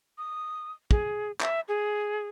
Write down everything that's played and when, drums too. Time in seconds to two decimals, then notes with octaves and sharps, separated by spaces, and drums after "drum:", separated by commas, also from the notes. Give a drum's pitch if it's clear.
0.18 D#6
0.91 G#4, drum: kick
1.41 E5, drum: clap
1.68 G#4